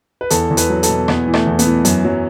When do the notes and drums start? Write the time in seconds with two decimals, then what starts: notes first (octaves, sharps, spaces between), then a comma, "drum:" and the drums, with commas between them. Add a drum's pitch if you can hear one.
0.21 B4
0.30 E2 A4, drum: hi-hat
0.51 E2
0.57 B4, drum: hi-hat
0.70 F#3
0.83 A4, drum: hi-hat
0.89 B2
1.08 E2 B3, drum: rim click
1.28 E3
1.34 A3, drum: rim click
1.46 E2
1.59 B3, drum: hi-hat
1.65 E3
1.85 F#2, drum: hi-hat
2.05 F#3